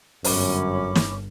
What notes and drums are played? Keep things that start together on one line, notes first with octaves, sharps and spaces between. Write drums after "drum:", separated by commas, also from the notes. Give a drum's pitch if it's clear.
G1 F#2 C#4 B5 D6, drum: open hi-hat
drum: snare